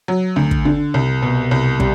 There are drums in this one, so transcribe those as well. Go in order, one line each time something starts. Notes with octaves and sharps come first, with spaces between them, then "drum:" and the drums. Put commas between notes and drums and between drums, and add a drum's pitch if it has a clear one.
F#3
D2
drum: kick
D3
C2
B2
C2
G3, drum: kick